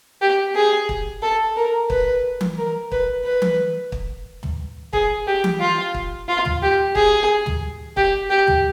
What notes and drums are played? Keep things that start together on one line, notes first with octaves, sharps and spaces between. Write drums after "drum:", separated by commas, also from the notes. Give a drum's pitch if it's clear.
G4
G#4
drum: kick
A4
A#4
B4, drum: kick
drum: tom E3
A#4
B4, drum: kick
B4
drum: tom E3
drum: kick
drum: tom
G#4, drum: kick
G4
drum: tom E3
F4
drum: kick
F4
drum: tom
G4
G#4, drum: kick
drum: tom
G4, drum: kick
G4
drum: tom